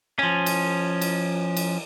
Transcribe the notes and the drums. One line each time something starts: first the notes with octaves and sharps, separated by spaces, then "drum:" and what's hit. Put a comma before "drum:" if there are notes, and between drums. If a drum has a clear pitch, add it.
F3 C#4
drum: cymbal
drum: cymbal
drum: cymbal